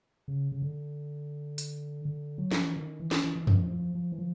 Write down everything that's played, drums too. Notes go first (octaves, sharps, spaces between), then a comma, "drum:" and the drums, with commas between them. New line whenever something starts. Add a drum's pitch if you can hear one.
C#3
C#3
D3
drum: hi-hat
D3
F#3
F3, drum: snare
E3
D#3
E3
drum: snare
E3
E3
F3, drum: tom E2
F3
F3
E3
F3